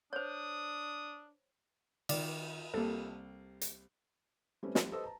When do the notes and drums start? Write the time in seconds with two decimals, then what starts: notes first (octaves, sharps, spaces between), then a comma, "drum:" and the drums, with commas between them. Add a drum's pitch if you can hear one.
0.13 D4 C5 C#5 D#6
2.09 D#3 D5, drum: cymbal
2.74 C2 G3 A#3 A4
3.61 drum: hi-hat
4.63 G3 A3 C4 C#4 B4
4.75 F3 G3, drum: snare
4.92 G4 A4 B4 C5 D#5 E6
5.04 A5 A#5